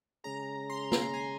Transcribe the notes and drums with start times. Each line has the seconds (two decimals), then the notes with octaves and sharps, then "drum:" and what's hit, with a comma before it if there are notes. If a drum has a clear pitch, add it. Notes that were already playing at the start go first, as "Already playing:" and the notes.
0.24 C#3 G#3 C#4 G#4 A#5
0.70 C6
0.92 A#5, drum: snare
1.14 G#5